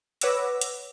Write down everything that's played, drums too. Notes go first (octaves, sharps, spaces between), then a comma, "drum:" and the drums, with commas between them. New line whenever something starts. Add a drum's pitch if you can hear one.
B4 C#5 F#5 D6 E6 A#6, drum: hi-hat
drum: hi-hat